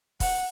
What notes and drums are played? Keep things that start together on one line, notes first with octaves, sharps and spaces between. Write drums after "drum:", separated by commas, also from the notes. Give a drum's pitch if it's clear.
F#5, drum: kick, open hi-hat